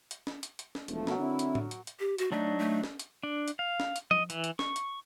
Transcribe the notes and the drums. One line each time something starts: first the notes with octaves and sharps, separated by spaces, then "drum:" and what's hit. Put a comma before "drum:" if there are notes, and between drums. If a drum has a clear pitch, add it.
drum: hi-hat
drum: snare C#4
drum: hi-hat
drum: hi-hat
drum: snare C#4
E1 F3 A3, drum: hi-hat
B2 F#3 A#4, drum: snare C#4
D3 C4 E4
drum: hi-hat
drum: tom A2
drum: hi-hat
drum: hi-hat
G4
F#4, drum: hi-hat
F#3 A3 D4 D#4
A3
drum: snare C#4
drum: hi-hat
D4
drum: hi-hat
F5
drum: snare C#4
drum: hi-hat
D#5, drum: tom F3
E3, drum: hi-hat
drum: hi-hat
C#6, drum: snare C#4
drum: hi-hat